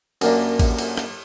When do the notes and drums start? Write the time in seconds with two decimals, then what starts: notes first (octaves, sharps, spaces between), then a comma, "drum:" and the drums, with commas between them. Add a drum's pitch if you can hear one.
0.21 F#2 A#3 D4, drum: cymbal
0.59 drum: kick A1, cymbal
0.78 drum: cymbal
0.97 drum: rim click